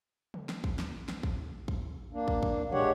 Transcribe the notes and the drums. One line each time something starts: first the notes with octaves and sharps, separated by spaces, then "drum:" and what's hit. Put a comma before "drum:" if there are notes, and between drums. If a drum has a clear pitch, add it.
drum: tom C#3
drum: snare
drum: kick
drum: snare
drum: snare
drum: kick
drum: kick
A#3 D4
drum: kick
drum: kick
G#3 D4 G4 C#5 F#5, drum: tom